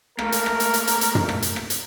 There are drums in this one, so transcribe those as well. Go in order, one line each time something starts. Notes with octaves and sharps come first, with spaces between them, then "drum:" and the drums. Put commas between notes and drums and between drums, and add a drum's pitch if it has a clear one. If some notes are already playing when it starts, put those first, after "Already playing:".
A3 A#3 A#4, drum: rim click
drum: hi-hat
drum: rim click
drum: hi-hat
drum: hi-hat
drum: hi-hat
drum: hi-hat
drum: tom
drum: rim click
drum: hi-hat
drum: rim click
drum: hi-hat